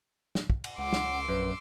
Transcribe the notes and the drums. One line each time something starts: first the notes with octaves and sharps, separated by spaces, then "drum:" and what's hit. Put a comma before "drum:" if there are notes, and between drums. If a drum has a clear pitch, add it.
drum: snare
drum: kick
drum: cymbal
C#2 F#5 C6 D6 E6
drum: snare
A#1 F#2 B4